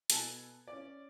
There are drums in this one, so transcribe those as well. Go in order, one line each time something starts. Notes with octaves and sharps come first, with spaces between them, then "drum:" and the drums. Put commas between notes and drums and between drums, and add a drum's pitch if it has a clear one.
B2 A4 G#5 A5, drum: hi-hat
C#4 D5